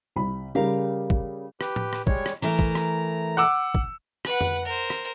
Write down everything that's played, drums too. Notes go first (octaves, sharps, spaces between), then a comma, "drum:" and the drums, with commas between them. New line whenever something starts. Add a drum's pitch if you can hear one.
C2 B5
C#3 G3 G4 A#4 F5
drum: kick
G4 B4, drum: rim click
drum: tom A2
drum: rim click
G3 G#3 C#5, drum: kick
drum: rim click
E3 A3 A#4 A#5
drum: kick
drum: rim click
F#5 D6 E6
drum: kick
B4 F#5, drum: rim click
drum: tom F2
A#4 C5
drum: rim click